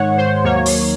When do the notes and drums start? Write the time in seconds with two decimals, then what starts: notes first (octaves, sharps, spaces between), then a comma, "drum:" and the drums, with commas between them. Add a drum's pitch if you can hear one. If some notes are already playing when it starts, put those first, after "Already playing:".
Already playing: G#2 D#3 G#3 C#5 F#5
0.17 C5
0.44 D#2 D#3 F#3 A#3 C#5
0.66 drum: open hi-hat